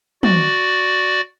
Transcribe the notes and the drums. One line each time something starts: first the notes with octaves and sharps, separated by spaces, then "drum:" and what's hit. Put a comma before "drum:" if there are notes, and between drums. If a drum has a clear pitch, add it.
F#4 D5, drum: tom